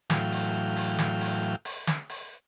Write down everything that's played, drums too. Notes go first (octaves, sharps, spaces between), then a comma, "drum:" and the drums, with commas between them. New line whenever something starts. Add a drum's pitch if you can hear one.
A2 E3 F#3 F5 G5, drum: snare
drum: open hi-hat
drum: open hi-hat
drum: snare
drum: open hi-hat
drum: open hi-hat
drum: snare
drum: open hi-hat